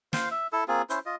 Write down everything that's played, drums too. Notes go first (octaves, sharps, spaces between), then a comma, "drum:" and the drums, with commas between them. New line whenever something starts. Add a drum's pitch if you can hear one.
C5 F5, drum: snare
E5
E4 A4 E6
A#3 C4 F4 G#4
C#4 E4 C5, drum: hi-hat
F4 D#5